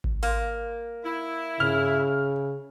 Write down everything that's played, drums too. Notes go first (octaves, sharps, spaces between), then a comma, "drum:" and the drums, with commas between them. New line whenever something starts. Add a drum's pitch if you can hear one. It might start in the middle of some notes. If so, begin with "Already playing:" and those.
drum: kick G#1
A#3, drum: open hi-hat
E4
C#3 F6, drum: tom G2